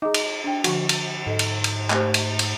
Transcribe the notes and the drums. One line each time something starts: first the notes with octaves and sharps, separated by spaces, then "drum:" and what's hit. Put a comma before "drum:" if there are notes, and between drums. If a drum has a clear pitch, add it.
D#4 G#4 D6
drum: cymbal
D4 G5
D3 F3 F#4, drum: cymbal
drum: cymbal
G#2 A4 D#5
drum: cymbal
drum: cymbal
A3 G4 C5, drum: clap
drum: cymbal
drum: cymbal